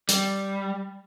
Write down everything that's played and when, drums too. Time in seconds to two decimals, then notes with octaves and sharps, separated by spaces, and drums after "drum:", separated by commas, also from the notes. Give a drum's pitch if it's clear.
0.09 G3, drum: hi-hat